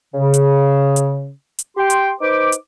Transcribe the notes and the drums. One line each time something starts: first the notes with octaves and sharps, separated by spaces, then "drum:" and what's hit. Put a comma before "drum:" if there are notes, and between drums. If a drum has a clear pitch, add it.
C#3
drum: hi-hat
drum: hi-hat
drum: hi-hat
G4 G5 C6
drum: hi-hat
D#4 B4 C5 D6
drum: hi-hat